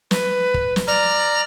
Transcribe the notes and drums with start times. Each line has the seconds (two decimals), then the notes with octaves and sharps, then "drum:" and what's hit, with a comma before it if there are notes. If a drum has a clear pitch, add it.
0.11 B4, drum: snare
0.54 drum: kick
0.76 drum: snare
0.88 D5 A#5 F6